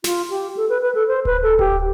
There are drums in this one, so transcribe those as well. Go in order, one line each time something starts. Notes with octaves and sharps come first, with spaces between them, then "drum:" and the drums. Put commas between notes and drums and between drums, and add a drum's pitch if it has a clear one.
F4, drum: snare
G4
A4
B4
B4
A4
C5
B4, drum: kick D1
A4
G4, drum: kick D1